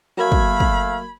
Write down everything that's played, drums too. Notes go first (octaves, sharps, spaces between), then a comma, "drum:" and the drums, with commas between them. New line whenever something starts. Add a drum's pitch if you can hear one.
F#3 A3 A#3 F5 B5 G#6
drum: kick
drum: kick